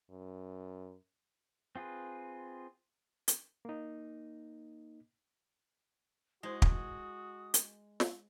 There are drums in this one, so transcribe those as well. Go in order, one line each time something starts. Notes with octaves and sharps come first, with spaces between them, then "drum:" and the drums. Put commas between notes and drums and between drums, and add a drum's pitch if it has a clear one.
F#2
C4 F4 G#4 B4
drum: hi-hat
A#3 D#4
G#3 E4 F#4 C5 D#6
drum: kick
drum: hi-hat
drum: snare